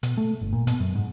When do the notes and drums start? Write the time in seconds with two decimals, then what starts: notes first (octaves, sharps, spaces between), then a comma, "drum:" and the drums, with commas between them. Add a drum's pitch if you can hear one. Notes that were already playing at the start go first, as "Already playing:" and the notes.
0.03 B2, drum: hi-hat
0.17 A3
0.41 G1
0.53 A#2
0.67 B2, drum: hi-hat
0.80 F#2
0.95 G#2